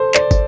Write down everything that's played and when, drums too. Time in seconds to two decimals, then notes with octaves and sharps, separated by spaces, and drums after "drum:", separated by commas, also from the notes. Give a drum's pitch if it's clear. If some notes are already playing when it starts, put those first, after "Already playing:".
Already playing: A4 C5
0.14 D5, drum: clap
0.31 drum: kick, tambourine